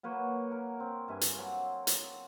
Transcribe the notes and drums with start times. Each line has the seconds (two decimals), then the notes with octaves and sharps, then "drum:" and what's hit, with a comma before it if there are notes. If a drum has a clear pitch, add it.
0.03 F#3 A#3 B4 C#5
0.52 A#4
0.80 C4
1.08 G2 E5 G#5
1.21 drum: hi-hat
1.38 F#3 C6
1.87 drum: hi-hat